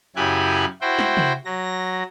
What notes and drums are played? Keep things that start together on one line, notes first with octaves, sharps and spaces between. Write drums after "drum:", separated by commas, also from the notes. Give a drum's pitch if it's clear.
F#2 C#3 E4 G4 G#5 F#6
E4 F#4 C5 G5
drum: snare
drum: tom
F#3 A#6